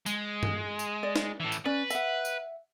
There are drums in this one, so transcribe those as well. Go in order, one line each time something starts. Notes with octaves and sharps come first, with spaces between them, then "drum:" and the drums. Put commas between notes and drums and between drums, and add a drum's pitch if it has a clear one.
G#3, drum: tambourine
drum: tom G2
drum: tambourine
D5
drum: snare
A2 E3
drum: tambourine
C#4 B4 D5
E5 F#5, drum: tambourine
drum: tambourine